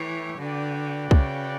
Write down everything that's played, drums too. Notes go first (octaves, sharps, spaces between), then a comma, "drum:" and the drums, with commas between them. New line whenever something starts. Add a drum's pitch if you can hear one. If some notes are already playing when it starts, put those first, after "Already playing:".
Already playing: E3 A3 E4 G4 C#5
D3 F#4 B4 D5 G5
C#3, drum: kick C2